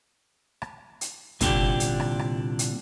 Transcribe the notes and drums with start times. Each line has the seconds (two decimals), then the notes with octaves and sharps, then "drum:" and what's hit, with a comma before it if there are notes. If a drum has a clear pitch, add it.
0.62 drum: rim click
1.01 drum: hi-hat
1.41 C2 A#2 D3 D4 G4, drum: kick, hi-hat
1.80 drum: hi-hat
2.00 drum: rim click
2.19 drum: rim click
2.59 drum: hi-hat